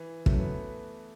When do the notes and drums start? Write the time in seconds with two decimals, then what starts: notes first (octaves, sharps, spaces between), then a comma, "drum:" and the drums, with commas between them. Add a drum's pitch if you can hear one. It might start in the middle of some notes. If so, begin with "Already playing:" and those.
Already playing: E3
0.26 F#2 A3, drum: kick
0.40 B3